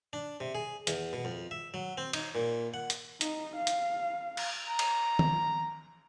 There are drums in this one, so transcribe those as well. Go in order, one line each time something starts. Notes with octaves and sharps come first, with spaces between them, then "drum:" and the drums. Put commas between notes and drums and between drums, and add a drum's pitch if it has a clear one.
D4
C3
G#4
E2, drum: hi-hat
B2
F2
E5
F#3
C4
D#4, drum: cymbal
A#2
F#5
drum: hi-hat
D#4, drum: hi-hat
F5
drum: hi-hat
drum: cymbal
A#5
drum: cymbal
drum: tom